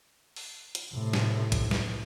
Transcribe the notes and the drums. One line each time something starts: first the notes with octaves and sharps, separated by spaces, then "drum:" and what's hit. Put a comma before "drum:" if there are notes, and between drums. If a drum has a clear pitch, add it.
drum: open hi-hat
drum: hi-hat
A2 C3
drum: snare
drum: kick, hi-hat
drum: snare